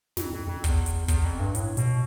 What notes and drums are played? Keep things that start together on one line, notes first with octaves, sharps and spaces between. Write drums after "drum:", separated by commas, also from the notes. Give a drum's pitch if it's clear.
F2, drum: snare
F2
F2
E2, drum: kick, hi-hat
drum: hi-hat
E2, drum: kick, hi-hat
F2
G2
A2, drum: hi-hat
B2, drum: hi-hat